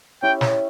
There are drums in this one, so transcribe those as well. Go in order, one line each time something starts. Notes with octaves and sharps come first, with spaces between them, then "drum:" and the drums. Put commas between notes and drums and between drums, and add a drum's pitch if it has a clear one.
C#4 E4 G4 G5
drum: snare